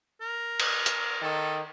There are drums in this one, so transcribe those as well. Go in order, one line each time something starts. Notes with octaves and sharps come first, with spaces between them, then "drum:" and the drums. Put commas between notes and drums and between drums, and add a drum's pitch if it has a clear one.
A#4
drum: cymbal
drum: hi-hat
D#3 A4